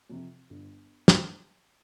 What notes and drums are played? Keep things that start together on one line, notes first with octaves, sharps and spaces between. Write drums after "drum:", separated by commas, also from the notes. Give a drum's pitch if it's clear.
F2 C3 F3
G1
drum: snare